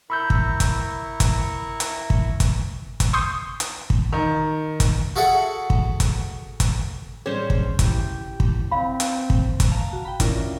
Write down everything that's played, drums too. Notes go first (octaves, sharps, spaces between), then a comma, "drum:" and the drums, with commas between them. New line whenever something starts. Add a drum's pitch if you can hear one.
E4 A#4 B5 C#6 E6 G6
drum: kick
drum: kick, hi-hat
drum: kick, hi-hat
drum: hi-hat
drum: kick
drum: kick, hi-hat
drum: kick, hi-hat
C6 C#6 D#6 G6 C7
drum: hi-hat
drum: kick
D#3
drum: kick, hi-hat
F#4 G#4 A4 E5 F#5
drum: kick
drum: kick, hi-hat
drum: kick, hi-hat
A2 G3 C#4 G#4 C5
drum: kick
E4 G4, drum: kick, hi-hat
drum: kick
C4 F5 B5
drum: hi-hat
drum: kick
drum: kick, hi-hat
F5 A5 A#5
F#4
G5 B5
C#4 D4 E4 F4 A#4, drum: kick, hi-hat